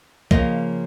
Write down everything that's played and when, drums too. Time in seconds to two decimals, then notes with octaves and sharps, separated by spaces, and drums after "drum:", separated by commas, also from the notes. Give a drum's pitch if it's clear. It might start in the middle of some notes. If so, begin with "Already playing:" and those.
0.31 C#3 F3 A#3 D#5, drum: kick B1